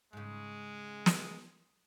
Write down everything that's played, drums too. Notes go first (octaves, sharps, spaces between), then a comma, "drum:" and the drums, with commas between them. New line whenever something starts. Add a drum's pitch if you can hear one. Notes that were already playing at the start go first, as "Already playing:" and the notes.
G#2 C#3 G#3
drum: snare